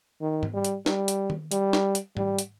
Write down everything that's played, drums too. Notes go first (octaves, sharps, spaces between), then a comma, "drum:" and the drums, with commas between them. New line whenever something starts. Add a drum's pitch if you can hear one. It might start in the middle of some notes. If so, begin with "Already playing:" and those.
D#3
drum: tom G#2
G3
drum: hi-hat
G3, drum: snare
drum: hi-hat
drum: tom D#3
G3, drum: hi-hat
drum: snare
drum: hi-hat
G3, drum: tom G#2
drum: hi-hat